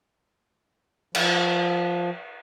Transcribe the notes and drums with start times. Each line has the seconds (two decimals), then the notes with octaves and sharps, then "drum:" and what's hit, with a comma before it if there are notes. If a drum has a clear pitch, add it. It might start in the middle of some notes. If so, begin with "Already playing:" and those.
1.15 F3, drum: cymbal